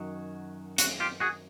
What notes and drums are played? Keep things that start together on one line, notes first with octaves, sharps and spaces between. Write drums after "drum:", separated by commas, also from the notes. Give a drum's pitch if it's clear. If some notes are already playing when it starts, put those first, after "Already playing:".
Already playing: F#2 D#3 F#3
F#4, drum: hi-hat
F4 G4
F#4 G#4